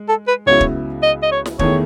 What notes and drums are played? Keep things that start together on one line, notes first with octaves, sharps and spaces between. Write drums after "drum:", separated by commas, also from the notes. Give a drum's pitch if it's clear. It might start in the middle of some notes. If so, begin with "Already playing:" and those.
Already playing: G#3
A4
B4
C#2 C#3 F#3 B3 E4 C#5
drum: kick
D#5
D#5
C#5
drum: snare
E2 D#3 A3 E4 G#4 C#5, drum: kick